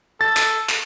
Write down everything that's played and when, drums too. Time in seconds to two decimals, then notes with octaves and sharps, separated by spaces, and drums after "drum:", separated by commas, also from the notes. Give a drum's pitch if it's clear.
0.21 A4 A6
0.37 drum: clap
0.70 drum: clap